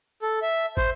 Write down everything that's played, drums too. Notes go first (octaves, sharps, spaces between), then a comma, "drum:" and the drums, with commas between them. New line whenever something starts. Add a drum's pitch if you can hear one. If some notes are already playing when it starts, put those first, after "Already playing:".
A4
E5
C5, drum: kick